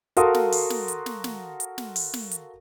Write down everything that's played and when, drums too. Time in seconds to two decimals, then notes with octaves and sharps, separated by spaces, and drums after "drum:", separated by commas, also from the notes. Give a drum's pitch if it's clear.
0.17 F#4 A4 A#4 F5 C6 D#6, drum: hi-hat
0.34 drum: snare
0.52 drum: open hi-hat
0.70 drum: snare
0.88 drum: hi-hat
1.06 drum: snare
1.24 drum: snare
1.60 drum: hi-hat
1.78 drum: snare
1.96 drum: open hi-hat
2.14 drum: snare
2.31 drum: hi-hat